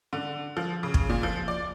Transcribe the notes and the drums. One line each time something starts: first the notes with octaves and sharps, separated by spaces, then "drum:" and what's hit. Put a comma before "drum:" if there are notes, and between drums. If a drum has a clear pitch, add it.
D3
F3
C#3
drum: kick
A#2
F3
D5